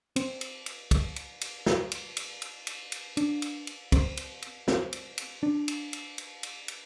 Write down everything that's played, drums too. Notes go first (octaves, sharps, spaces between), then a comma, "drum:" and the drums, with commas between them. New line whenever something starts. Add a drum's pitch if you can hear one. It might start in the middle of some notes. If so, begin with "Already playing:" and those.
C4, drum: cymbal
drum: cymbal
drum: cymbal
drum: kick, cymbal
drum: cymbal
drum: cymbal
drum: snare
drum: cymbal
drum: cymbal
drum: cymbal
drum: cymbal
drum: cymbal
D4, drum: cymbal
drum: cymbal
drum: cymbal
C4, drum: kick, cymbal
drum: cymbal
drum: cymbal
C4, drum: snare
drum: cymbal
drum: cymbal
D4
drum: cymbal
drum: cymbal
drum: cymbal
drum: cymbal
drum: cymbal